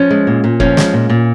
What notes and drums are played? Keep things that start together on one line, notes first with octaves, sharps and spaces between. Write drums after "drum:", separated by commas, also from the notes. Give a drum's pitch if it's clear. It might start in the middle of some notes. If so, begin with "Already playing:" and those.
Already playing: F3 C#4
G#3
A#2
A#2
F3 C#4, drum: kick F1
G#3, drum: snare
A#2
A#2